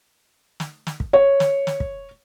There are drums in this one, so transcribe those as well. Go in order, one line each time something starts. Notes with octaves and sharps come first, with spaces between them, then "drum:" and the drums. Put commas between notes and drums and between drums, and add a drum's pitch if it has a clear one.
drum: snare
drum: snare
drum: kick
C#5
drum: snare
drum: snare
drum: kick